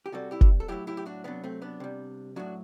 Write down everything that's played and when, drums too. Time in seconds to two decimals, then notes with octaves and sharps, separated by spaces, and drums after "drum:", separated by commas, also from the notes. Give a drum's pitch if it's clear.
0.06 G4
0.12 C3 G3 F#4 A4
0.31 E4 G4
0.41 drum: kick F#1
0.60 A4
0.68 A2 F#3 E4 G4
0.87 E4 G4
0.97 G4
1.06 D4 F#4
1.24 C3 F#3 B3 D4
1.44 A3 C4
1.62 B3 D4
1.80 C3 G3
2.36 A2 F#3 D4 F#4